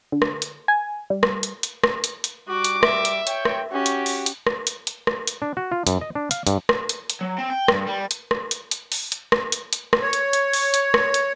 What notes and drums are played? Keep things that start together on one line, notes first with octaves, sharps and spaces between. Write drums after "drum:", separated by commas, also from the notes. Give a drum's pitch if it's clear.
D3
drum: rim click
drum: hi-hat
G#5
G3
drum: rim click
drum: hi-hat
drum: hi-hat
drum: rim click
drum: hi-hat
drum: hi-hat
G3 F#4 D6
drum: hi-hat
E5, drum: rim click
drum: hi-hat
C#5 G5, drum: hi-hat
drum: rim click
C#4 F#4 G4
drum: hi-hat
drum: open hi-hat
drum: hi-hat
drum: rim click
drum: hi-hat
drum: hi-hat
drum: rim click
drum: hi-hat
D4
F#4
F4
F#2, drum: hi-hat
D#5
D4
F5, drum: hi-hat
G2, drum: hi-hat
drum: rim click
drum: hi-hat
drum: hi-hat
F#3
C4
G5
G2, drum: rim click
G3
drum: hi-hat
drum: rim click
drum: hi-hat
drum: hi-hat
drum: open hi-hat
drum: hi-hat
drum: rim click
drum: hi-hat
drum: hi-hat
drum: rim click
C#5
drum: hi-hat
drum: hi-hat
drum: open hi-hat
drum: hi-hat
drum: rim click
drum: hi-hat